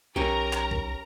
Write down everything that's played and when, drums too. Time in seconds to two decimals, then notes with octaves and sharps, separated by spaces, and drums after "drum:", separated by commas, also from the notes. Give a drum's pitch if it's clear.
0.16 B1 C#4 G4 A#4 A#5
0.53 drum: clap
0.71 drum: kick C2